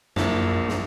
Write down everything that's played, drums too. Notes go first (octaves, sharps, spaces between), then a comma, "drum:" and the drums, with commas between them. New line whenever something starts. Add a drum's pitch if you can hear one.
A#1 F#2 A#2 A#3 E4 A5, drum: snare
drum: snare